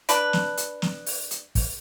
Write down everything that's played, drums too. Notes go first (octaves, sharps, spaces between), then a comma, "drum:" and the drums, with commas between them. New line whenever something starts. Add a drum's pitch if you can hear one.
D4 B4, drum: hi-hat
drum: snare
drum: hi-hat
drum: snare
drum: open hi-hat
drum: hi-hat
drum: kick, open hi-hat